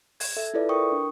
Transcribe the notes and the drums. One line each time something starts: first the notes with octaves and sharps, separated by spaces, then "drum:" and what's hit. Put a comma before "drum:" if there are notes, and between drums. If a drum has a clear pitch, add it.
G#6, drum: open hi-hat
A4 E5
E4 F4 A4 B4 D5 E5
A#4 G5 C#6 D#6
D4